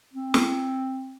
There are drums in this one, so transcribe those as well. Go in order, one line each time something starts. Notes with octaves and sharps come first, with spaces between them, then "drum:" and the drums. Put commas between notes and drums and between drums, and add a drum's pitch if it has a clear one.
C4
drum: snare